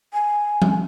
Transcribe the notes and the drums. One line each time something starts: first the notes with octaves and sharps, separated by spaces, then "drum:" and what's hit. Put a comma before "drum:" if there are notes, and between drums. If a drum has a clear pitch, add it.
G#5
drum: tom F3